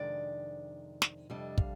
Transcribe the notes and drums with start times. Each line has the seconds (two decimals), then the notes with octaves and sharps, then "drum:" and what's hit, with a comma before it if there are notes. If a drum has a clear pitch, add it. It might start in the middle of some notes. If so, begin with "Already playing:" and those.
Already playing: F2 C3 D#3 G#3 D4 D5
1.02 drum: snare
1.30 F2 C3 G3 D4 D#5
1.58 F5, drum: kick